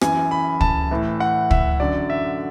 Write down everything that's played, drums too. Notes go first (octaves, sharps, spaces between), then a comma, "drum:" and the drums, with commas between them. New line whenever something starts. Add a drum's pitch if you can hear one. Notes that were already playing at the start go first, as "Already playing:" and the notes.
F#2 E3 G#5, drum: rim click
B5
A5, drum: kick
A2 E3
F#5
E5, drum: kick
F#2 D3 F#3 D5
E5